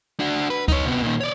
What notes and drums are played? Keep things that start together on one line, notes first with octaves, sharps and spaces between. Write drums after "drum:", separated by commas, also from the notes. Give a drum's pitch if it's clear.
D4 F#4
B4
D#4 C#5, drum: kick, hi-hat
C3 B3
A#2 D#3
C#5 D5